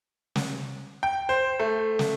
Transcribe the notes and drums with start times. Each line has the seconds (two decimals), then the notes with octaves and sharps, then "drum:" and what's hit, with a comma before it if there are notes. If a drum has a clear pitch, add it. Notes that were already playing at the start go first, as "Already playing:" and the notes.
0.36 drum: snare
1.03 G5
1.29 C5
1.60 A3
1.99 drum: snare